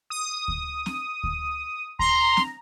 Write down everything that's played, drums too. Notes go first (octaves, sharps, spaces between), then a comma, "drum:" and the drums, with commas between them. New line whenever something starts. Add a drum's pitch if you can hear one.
D#6
drum: kick D2
drum: snare C4
drum: kick D2
A#5 C6, drum: kick D2
drum: snare C4